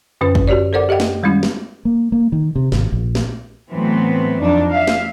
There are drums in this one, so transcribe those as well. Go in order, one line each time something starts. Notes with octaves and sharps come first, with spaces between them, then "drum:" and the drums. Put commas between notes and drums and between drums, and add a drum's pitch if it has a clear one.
F#2 D3 C#4 B4
drum: kick
F#4 G4 C#5 D5
A4 A#4 C5 D5 F#5 D6
G4 D#5 E5 F#5 G5
drum: snare
D#3 G3 G#3 C#4 E4
drum: snare
A#3
A#3
D#3
C3
G#1, drum: snare
A#1
drum: snare
A2 E3 F#3 B3 C4
F2 D4 D#4
E5 F5
drum: snare